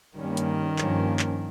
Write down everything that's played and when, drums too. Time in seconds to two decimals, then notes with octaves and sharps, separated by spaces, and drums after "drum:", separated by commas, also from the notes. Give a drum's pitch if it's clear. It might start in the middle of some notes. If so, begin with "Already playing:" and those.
0.17 G2 D#3 G3 A#3 C#4
0.37 drum: hi-hat
0.78 G2 F3 A#3 C#4, drum: clap
1.19 drum: clap